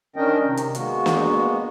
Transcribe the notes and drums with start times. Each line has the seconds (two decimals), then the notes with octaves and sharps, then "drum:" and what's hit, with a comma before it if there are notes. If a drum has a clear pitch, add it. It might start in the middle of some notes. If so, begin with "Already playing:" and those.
0.16 D#3 C#4 D4 A#4 D#5 G5
0.45 C3 D#3
0.57 drum: hi-hat
0.75 G#3 A#3 B3 F#4, drum: hi-hat
1.06 drum: snare